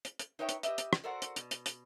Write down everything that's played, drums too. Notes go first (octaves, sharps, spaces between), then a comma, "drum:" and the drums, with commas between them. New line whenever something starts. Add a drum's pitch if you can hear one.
drum: hi-hat
drum: hi-hat
D#4 B4 C#5 E5 G5
drum: hi-hat
G4 B4 D#5 E5, drum: hi-hat
drum: hi-hat
drum: rim click
F#4 A4 A#4 C5 D5 F#5
drum: hi-hat
B2, drum: hi-hat
drum: hi-hat
drum: hi-hat